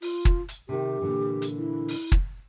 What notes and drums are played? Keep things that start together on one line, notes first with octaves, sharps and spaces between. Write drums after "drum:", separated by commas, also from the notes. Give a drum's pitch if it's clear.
F4, drum: open hi-hat
drum: kick
drum: hi-hat
C3 D#3 G4
A#2 D3 E3
drum: hi-hat
E4
drum: open hi-hat
drum: kick